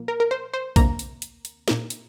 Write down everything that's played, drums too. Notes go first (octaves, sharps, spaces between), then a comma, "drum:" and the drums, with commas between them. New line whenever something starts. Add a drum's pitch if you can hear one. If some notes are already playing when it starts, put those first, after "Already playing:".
Already playing: A#2 F3 A#3
A#4
A#4
C5
C5
D2 C3 A#3 A#5, drum: kick B1, hi-hat
drum: hi-hat
drum: hi-hat
drum: hi-hat
A#2 A#3, drum: snare
drum: hi-hat